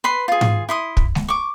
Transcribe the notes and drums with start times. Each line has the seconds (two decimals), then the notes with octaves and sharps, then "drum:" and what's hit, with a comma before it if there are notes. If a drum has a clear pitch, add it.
0.04 B4 B5 C6
0.28 F4 G#4
0.41 drum: tom G#2
0.69 E4 C6 D#6
0.97 drum: kick
1.15 drum: snare G#3
1.28 C#6 D6